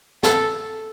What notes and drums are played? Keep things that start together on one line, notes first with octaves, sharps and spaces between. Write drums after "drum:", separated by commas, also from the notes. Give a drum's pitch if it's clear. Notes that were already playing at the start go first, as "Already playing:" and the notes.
A4, drum: snare